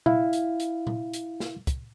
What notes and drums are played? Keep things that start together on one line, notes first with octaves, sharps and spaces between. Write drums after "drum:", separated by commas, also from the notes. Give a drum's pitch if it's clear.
E4 F5, drum: tom A#2
drum: hi-hat
drum: hi-hat
drum: tom A#2
drum: hi-hat
drum: snare
drum: kick, hi-hat